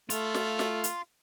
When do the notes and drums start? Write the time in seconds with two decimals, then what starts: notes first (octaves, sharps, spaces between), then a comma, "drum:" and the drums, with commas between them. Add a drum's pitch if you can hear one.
0.10 A3 F4, drum: hi-hat
0.34 drum: snare
0.59 drum: snare
0.84 drum: hi-hat